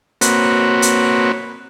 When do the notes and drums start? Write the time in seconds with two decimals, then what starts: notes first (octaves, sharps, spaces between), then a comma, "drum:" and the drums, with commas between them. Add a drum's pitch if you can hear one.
0.21 A#3 C4 F#4 B4 C#5, drum: hi-hat
0.82 drum: hi-hat